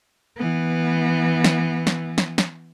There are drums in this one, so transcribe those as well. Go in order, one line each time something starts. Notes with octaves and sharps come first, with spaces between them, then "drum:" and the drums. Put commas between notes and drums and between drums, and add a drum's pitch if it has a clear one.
E3 B3
drum: snare
drum: snare
drum: snare
drum: snare